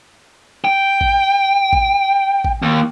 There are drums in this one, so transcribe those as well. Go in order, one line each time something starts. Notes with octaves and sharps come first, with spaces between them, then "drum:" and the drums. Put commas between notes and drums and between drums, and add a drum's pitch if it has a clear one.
G5
drum: kick A1
drum: kick A1
drum: kick A1
D#2